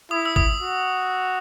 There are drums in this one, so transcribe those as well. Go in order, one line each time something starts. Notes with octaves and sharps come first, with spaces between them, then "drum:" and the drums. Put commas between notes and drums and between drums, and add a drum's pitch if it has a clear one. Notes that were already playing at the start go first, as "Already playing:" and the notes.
E4 D#6
E6
D#6, drum: kick G#1
F#4